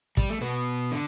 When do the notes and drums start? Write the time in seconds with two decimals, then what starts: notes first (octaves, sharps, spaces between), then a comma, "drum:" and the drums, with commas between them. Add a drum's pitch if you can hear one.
0.17 G3, drum: kick
0.29 A3
0.41 B2 B3
0.92 D3